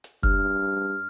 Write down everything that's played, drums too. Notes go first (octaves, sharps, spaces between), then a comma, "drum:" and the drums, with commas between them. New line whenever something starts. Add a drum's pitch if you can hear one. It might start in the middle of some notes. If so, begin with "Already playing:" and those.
drum: hi-hat
G2 F6, drum: kick F1